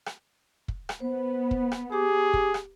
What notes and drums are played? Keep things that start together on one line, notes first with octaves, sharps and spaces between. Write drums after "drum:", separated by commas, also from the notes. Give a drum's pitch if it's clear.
drum: rim click
drum: kick
drum: rim click
B3 C5
drum: kick
drum: rim click
G4 G#4 D6
drum: kick
drum: rim click